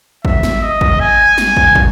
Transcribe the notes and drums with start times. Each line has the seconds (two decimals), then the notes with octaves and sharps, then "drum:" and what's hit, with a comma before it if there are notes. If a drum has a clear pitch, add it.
0.25 E5, drum: kick
0.43 drum: snare
0.62 D#5
0.81 drum: kick
1.00 G#5
1.38 drum: snare
1.57 drum: kick
1.75 drum: kick